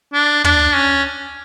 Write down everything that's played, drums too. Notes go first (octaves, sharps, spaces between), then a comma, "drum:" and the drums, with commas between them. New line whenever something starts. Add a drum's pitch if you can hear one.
D4
D4, drum: tom
C#4